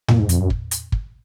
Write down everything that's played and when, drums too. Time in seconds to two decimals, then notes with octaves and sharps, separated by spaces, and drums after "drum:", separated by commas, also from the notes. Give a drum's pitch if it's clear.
0.08 A#2, drum: tom
0.19 G#2
0.29 F2, drum: hi-hat
0.40 F#2
0.50 drum: kick
0.71 drum: hi-hat
0.92 drum: kick